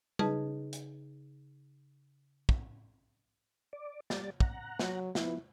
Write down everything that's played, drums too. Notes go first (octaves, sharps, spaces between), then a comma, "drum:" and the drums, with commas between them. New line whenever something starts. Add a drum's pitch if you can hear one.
C#3 D#4 G#4 B4 D#5 A5, drum: tom G3
drum: hi-hat
drum: kick
D5
G3 D5 A6, drum: snare
F#5 A#5, drum: kick
F#3, drum: snare
F3 B3 E4, drum: snare